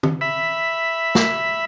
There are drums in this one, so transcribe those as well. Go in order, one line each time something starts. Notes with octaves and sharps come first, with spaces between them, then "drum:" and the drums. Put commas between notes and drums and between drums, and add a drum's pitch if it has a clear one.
drum: tom
E5 B5
drum: snare